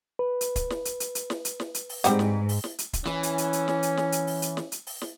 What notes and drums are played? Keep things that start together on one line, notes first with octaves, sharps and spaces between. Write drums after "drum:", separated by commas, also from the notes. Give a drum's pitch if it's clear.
B4
drum: hi-hat
drum: kick, hi-hat
drum: snare
drum: hi-hat
drum: hi-hat
drum: hi-hat
drum: snare
drum: hi-hat
drum: snare
drum: hi-hat
drum: open hi-hat
G#2 G3 C4 F#5, drum: hi-hat
drum: snare
drum: open hi-hat
drum: snare
drum: hi-hat
drum: kick, hi-hat
E3 C#4, drum: snare
drum: hi-hat
drum: hi-hat
drum: hi-hat
drum: snare
drum: hi-hat
drum: snare
drum: hi-hat
drum: open hi-hat
drum: hi-hat
drum: snare
drum: hi-hat
drum: open hi-hat
drum: snare